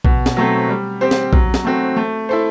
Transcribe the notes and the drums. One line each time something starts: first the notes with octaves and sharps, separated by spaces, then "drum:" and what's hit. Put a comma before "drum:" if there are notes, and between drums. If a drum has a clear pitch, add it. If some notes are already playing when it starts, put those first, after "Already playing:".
B2, drum: kick A#1
drum: snare
F#3 A3 C4
G3
C4 G4 C5
drum: snare
F#3, drum: kick A#1
drum: snare
A3 C4 F#4
A3
E4 A4 C5